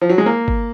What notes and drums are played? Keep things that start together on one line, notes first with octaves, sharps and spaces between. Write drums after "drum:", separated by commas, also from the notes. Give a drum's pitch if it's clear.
F3
F#3
G#3
A#3
drum: kick G1